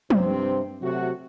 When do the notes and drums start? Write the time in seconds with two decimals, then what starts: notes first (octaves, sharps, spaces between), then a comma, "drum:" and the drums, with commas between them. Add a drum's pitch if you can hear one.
0.10 G2 C3 C4, drum: tom
0.81 C3 F#3 A3 F#4